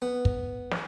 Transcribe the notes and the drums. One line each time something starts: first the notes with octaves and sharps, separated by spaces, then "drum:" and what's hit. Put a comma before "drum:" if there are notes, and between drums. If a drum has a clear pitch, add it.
B3
drum: kick
drum: snare